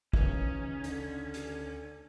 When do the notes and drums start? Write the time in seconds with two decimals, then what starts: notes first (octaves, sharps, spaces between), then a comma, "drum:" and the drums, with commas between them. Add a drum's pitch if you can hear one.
0.13 C#3 E3 C#4 D#4, drum: kick
0.84 D2 D3, drum: hi-hat
1.34 drum: hi-hat